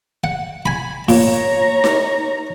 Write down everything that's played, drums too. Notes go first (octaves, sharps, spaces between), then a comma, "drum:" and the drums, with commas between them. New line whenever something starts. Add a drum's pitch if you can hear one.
F#5
G#5 B5
A#2 C#5 A#5, drum: open hi-hat
drum: snare D#4